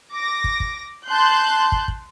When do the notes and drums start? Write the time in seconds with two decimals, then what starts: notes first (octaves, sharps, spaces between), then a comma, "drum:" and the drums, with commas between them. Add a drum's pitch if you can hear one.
0.14 D6 A#6
0.44 drum: kick
0.60 drum: kick
1.08 A5 C6 F#6 G6
1.72 drum: kick
1.88 drum: kick